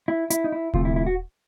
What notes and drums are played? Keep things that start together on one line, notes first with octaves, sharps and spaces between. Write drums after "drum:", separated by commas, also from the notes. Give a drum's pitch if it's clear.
E4
E4, drum: hi-hat
D#4
E4
D2 C3 F3 A3 F4, drum: kick D#1
E4
E4
F#4